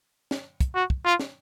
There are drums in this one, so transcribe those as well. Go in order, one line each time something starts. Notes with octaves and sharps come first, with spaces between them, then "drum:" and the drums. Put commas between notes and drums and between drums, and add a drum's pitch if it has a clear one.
drum: snare
drum: kick, hi-hat
F#4
drum: kick
F4
drum: snare